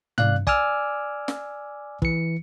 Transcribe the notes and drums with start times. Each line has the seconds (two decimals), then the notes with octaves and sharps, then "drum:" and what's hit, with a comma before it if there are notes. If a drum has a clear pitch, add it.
0.18 C3 D5 F5 F#6, drum: tom
0.47 D5 G#5 D6 E6 F6, drum: kick
1.28 drum: snare
2.02 E3 C#7, drum: kick